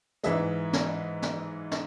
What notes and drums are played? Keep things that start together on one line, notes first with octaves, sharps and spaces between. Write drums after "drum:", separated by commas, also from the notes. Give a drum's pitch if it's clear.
G#2 E3 G#3 E5, drum: hi-hat
drum: snare
drum: snare
drum: snare